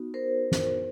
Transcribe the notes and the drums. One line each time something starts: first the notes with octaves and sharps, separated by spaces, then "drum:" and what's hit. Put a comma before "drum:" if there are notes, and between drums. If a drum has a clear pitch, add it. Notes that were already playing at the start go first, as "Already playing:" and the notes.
Already playing: B3 D#4 F#4
A#4 C5
drum: snare